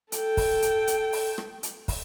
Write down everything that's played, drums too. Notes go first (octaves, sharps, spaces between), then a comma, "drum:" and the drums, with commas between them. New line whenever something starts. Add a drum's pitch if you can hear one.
A4 G5, drum: hi-hat
drum: kick, open hi-hat
drum: hi-hat
drum: hi-hat
drum: open hi-hat
drum: rim click
drum: hi-hat
drum: kick, open hi-hat